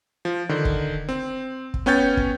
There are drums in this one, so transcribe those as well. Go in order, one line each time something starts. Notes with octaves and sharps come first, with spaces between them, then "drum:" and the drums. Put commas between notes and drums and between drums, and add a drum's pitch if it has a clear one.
F3
D3 D#3
drum: kick
C4
drum: kick
B3 C#4 C#5 G5 G6 A6
drum: kick